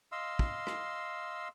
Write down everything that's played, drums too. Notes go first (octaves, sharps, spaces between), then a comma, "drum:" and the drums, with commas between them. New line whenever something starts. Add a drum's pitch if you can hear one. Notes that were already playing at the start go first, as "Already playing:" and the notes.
D#5 F5 C6 E6
drum: kick
drum: rim click